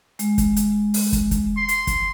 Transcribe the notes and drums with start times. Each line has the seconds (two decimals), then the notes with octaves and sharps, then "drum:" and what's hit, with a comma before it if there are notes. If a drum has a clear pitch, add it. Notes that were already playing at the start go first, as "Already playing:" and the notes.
0.19 G#3, drum: hi-hat
0.38 drum: kick, hi-hat
0.56 drum: hi-hat
0.94 drum: open hi-hat
1.13 drum: kick, hi-hat
1.31 drum: kick, hi-hat
1.57 C6
1.69 drum: hi-hat
1.87 drum: kick, hi-hat